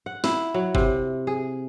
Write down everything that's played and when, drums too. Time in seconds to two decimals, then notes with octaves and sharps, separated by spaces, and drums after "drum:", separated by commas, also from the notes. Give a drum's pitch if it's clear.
0.06 F#5
0.24 E4, drum: snare
0.54 F#3
0.75 C3, drum: kick
1.27 G#4